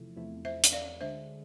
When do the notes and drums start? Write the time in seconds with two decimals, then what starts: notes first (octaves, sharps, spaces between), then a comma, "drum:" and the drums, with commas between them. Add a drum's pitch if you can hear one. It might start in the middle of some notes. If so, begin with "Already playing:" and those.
Already playing: E2 C3 F3 A3 E4
0.16 E2 C3 F3 A3 E4
0.45 C5 E5
0.64 drum: hi-hat
0.73 D5 F5
1.01 D2 D3 G#3 D4 C5 E5